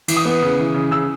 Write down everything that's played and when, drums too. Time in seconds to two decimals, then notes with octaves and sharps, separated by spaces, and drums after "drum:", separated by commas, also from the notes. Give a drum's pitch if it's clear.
0.08 E3, drum: cymbal
0.17 D#6
0.25 B3
0.42 C#3
0.59 E3
0.74 C#3
0.91 C#3 E6